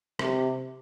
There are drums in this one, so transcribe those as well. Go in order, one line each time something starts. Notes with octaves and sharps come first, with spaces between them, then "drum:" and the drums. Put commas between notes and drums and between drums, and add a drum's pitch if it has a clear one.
C3, drum: rim click